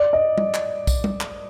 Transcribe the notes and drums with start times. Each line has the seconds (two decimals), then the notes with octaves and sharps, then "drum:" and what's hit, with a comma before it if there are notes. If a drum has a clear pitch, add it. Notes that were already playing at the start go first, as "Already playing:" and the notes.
Already playing: D5
0.13 D#5
0.38 drum: tom G3
0.54 drum: clap
0.87 drum: kick, tambourine
1.04 drum: tom G3
1.21 drum: clap